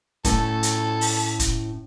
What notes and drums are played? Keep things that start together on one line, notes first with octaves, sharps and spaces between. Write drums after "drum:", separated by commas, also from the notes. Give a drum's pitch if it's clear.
A2 C#4 A4 A5, drum: kick, hi-hat
drum: hi-hat
drum: open hi-hat
drum: kick, hi-hat